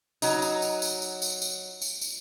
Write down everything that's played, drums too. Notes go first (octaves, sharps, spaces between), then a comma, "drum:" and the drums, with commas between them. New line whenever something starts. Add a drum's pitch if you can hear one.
F#3 D#4, drum: tambourine
drum: tambourine
drum: tambourine
drum: tambourine
drum: tambourine
drum: tambourine
drum: tambourine
drum: tambourine
drum: tambourine